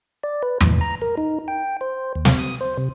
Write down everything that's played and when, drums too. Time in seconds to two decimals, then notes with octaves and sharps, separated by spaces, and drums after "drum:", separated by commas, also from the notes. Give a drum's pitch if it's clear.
0.23 D5
0.43 B4
0.61 A2, drum: tom E2
0.81 A#5
1.02 A#4
1.18 D#4
1.48 G5
1.81 C5
2.15 D#2
2.25 drum: snare
2.39 D#6
2.61 C5
2.78 C3